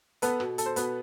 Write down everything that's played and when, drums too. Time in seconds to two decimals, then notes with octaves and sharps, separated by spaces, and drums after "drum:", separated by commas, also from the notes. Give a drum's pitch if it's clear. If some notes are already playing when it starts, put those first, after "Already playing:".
0.22 B3 A4 B4, drum: hi-hat
0.40 B2, drum: rim click
0.58 A4, drum: hi-hat
0.66 C5
0.76 B2 B3 B4, drum: hi-hat